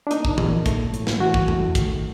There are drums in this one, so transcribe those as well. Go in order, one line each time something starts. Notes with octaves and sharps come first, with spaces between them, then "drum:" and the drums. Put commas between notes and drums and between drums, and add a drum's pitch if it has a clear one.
D4
A#3 D#4, drum: hi-hat
drum: kick
A#2, drum: tom E3
A3, drum: kick, hi-hat
A2, drum: hi-hat
drum: snare
E3 F#4
drum: kick
A3, drum: tom F2
D#3, drum: kick, hi-hat